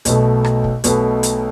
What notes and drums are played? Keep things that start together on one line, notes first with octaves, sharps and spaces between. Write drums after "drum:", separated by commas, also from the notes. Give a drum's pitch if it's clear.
B1 B2 A3, drum: hi-hat
drum: rim click
drum: kick
B1 B2 A3, drum: hi-hat
drum: hi-hat